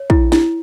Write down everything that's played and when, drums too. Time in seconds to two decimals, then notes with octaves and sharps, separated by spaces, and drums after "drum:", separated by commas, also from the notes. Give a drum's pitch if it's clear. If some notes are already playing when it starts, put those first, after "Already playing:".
Already playing: C#5
0.10 E4, drum: kick
0.32 E4, drum: snare